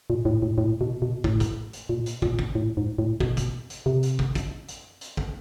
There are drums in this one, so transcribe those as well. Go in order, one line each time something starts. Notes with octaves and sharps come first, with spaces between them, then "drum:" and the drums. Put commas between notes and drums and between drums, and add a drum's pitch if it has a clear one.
A#2
A2
A2
A2
B2
B2
A2, drum: kick
drum: kick, hi-hat
drum: hi-hat
A#2
drum: hi-hat
A#2, drum: kick
drum: kick
A2
G#2
A2
B2, drum: kick
drum: kick, hi-hat
drum: hi-hat
C3
drum: hi-hat
drum: kick
drum: kick, hi-hat
drum: hi-hat
drum: hi-hat
drum: kick